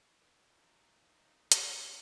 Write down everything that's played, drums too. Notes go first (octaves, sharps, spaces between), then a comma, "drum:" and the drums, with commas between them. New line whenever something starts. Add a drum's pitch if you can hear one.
D#2 A#2 E3 A3 D#4
drum: hi-hat